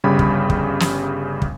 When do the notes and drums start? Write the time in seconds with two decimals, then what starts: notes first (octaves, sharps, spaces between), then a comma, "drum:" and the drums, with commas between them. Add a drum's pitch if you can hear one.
0.04 G1 C#3 G3 B5
0.19 drum: kick
0.50 drum: kick
0.80 drum: snare
1.42 drum: kick